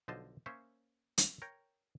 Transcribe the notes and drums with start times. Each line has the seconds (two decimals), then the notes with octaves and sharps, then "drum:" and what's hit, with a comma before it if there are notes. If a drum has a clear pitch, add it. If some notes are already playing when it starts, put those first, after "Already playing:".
0.08 B1 D3 F3 C5 D#5 A5
0.46 A#3 C#4 C5 C#5 E5
1.18 drum: hi-hat
1.42 A#4 C#5 G5 A#5